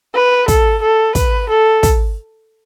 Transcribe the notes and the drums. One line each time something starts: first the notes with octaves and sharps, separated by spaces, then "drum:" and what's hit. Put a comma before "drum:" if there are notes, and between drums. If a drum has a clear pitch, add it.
B4
A4, drum: kick, hi-hat
A4
B4, drum: kick, hi-hat
A4
drum: kick, hi-hat